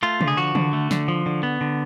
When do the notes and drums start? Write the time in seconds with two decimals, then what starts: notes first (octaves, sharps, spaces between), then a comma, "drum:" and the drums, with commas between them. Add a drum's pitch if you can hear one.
0.03 A3 F4
0.21 D3, drum: tom C3
0.28 G#4
0.37 F3 F#4
0.55 D3, drum: tom D#3
0.73 A3
0.91 D3, drum: snare
1.08 F3
1.26 D3
1.43 B3
1.61 D3